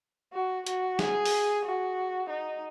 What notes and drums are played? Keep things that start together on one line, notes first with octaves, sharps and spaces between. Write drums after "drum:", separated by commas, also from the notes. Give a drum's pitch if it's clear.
F#4
F#4, drum: hi-hat
G#4, drum: snare
drum: open hi-hat
F#4
D#4